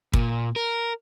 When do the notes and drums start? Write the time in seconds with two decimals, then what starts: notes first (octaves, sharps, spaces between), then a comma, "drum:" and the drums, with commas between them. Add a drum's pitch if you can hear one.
0.13 A#2, drum: kick
0.56 A#4